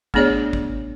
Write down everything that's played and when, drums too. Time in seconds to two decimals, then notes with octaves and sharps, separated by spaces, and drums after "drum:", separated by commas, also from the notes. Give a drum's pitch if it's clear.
0.14 A3 B3 D4 G#4 C#5 D5, drum: kick G#1
0.53 drum: kick G#1